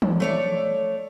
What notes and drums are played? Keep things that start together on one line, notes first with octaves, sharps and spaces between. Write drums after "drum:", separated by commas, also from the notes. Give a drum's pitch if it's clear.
drum: tom E3
A3 C#5 D5